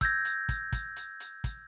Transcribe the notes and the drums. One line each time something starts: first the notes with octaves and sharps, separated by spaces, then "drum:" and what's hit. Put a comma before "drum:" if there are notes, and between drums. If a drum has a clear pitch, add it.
E6 G6 G#6 A#6, drum: kick, hi-hat
drum: hi-hat
drum: kick, hi-hat
drum: kick, hi-hat
drum: hi-hat
drum: hi-hat
drum: kick, hi-hat